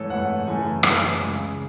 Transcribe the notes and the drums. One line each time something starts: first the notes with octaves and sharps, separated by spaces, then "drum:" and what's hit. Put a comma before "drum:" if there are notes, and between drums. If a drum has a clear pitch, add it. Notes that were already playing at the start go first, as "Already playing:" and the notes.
Already playing: G#2 E3 A3 A4 C#5
G#2 E3 A3 F#5
F#2 C#3 E3 A3 G#5
F#2 C#3 E3 A3, drum: rim click
C#2 C#3 G#3